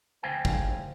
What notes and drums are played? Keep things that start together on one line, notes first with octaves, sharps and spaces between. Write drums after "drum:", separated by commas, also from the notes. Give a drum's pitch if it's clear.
D2 C5 F5 G5 G#5
drum: kick